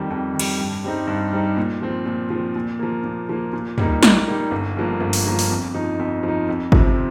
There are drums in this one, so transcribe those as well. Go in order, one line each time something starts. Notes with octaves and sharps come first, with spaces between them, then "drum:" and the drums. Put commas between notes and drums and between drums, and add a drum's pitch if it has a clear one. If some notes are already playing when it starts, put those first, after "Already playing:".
Already playing: F2 D#3 G3
F2
D#3
G3, drum: cymbal
G2
G3 C4 D#4
G2
G3 C4 D#4
A#2
F3 C4
A#2
F3
C4
A#2
F3 A#3
A#2
F3 A#3
A#2
G3 A#3 D#4, drum: tom
A#2, drum: snare
G3 A#3 D#4
G1
G2 F3 A#3
G1
drum: open hi-hat
G2 F3 A#3
drum: open hi-hat
F2
F3 D#4
F2
F3
D#4
F2
C3 F3 C4, drum: kick G1